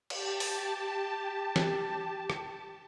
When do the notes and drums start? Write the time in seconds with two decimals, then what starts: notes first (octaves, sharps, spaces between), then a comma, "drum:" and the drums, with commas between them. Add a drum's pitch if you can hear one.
0.10 G4 A5, drum: cymbal
0.40 drum: open hi-hat
1.56 drum: snare
2.30 drum: rim click